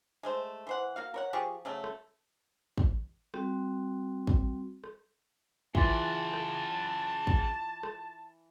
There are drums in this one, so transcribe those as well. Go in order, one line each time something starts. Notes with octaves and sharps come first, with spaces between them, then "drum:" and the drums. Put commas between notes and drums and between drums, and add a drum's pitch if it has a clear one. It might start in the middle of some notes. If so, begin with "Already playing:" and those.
G#3 A3 C5
E3 C5 F#5
A#3 F#4 F5
A#4 C#5 F#5
F3 G4 G#4 C#6
C#3 F#3 A3
drum: rim click
drum: kick
G3 C4 F#4, drum: rim click
drum: kick
drum: rim click
C#3 E3 F4 F#4 A5 C6 A6, drum: kick
drum: rim click
drum: kick
drum: rim click